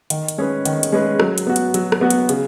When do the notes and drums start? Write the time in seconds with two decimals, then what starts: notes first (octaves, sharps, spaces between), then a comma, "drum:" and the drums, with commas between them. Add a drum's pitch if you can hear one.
0.10 D#3, drum: hi-hat
0.28 drum: hi-hat
0.38 G#3 C#4 G#4 B4
0.65 D#3, drum: hi-hat
0.83 drum: hi-hat
0.92 G#3 C#4 G#4 B4
1.20 F#3, drum: rim click
1.38 drum: hi-hat
1.47 B3 F#4
1.56 drum: hi-hat
1.74 F#3, drum: hi-hat
1.92 drum: rim click
2.01 B3 F#4
2.10 drum: hi-hat
2.29 C#3, drum: hi-hat